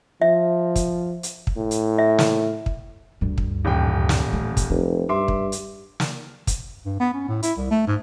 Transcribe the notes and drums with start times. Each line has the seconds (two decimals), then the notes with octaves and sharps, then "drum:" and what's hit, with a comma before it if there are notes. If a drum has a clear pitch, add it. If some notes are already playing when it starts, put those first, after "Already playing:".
0.21 F3 E5
0.76 drum: kick, hi-hat
1.23 drum: hi-hat
1.47 drum: kick
1.56 A2
1.71 drum: hi-hat
1.98 E5
2.19 drum: snare
2.66 drum: kick
3.21 D2 G2
3.38 drum: kick
3.65 D#1 A1 G5
4.09 drum: snare
4.33 A3
4.57 drum: kick, hi-hat
4.70 F1 D#4
5.09 G2 E5 C6 D6
5.28 drum: kick
5.52 drum: hi-hat
6.00 drum: snare
6.47 drum: kick, hi-hat
6.85 G2
7.00 B3
7.14 C#4
7.28 A2
7.43 E4, drum: hi-hat
7.58 C2
7.71 A3
7.87 G#2